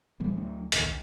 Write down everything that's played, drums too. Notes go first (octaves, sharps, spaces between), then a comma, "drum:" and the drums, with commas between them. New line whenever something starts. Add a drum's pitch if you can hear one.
A2 E3 G3 B3
D2 F#3 D4
A1 D#2 D3, drum: hi-hat
B1